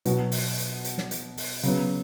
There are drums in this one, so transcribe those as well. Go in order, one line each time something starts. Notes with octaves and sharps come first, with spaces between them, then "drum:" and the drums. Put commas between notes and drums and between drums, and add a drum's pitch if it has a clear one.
B2 F#3 B3 F#4, drum: hi-hat
drum: open hi-hat
drum: hi-hat
drum: hi-hat
drum: snare
drum: hi-hat
drum: open hi-hat
C#3 F#3 B3, drum: hi-hat